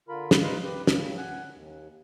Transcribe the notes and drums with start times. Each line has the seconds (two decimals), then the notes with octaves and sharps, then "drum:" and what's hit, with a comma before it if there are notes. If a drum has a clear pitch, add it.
0.09 D3 F4 A#4 B5
0.31 drum: snare
0.42 D#4 F4 B4 D#5 F5
0.63 G4 B4
0.87 A2 C#3, drum: snare
1.18 F#5 G#5 F#6
1.54 D#2